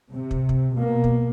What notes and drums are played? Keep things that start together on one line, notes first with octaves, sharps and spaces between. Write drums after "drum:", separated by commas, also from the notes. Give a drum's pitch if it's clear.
C3
drum: kick
drum: kick
B2 A#3
drum: kick